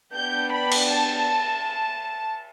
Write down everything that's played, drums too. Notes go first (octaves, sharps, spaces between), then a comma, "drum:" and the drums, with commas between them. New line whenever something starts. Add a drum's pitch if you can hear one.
B3 D4 G4 G6
B5
drum: cymbal
A5